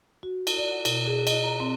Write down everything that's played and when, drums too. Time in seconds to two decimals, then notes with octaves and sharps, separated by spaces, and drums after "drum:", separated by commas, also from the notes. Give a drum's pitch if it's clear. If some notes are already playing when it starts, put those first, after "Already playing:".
0.23 F#4
0.47 drum: cymbal
0.58 D5
0.71 F#5
0.85 B2, drum: cymbal
1.06 G#4
1.27 D#5, drum: cymbal
1.44 A#5
1.60 C4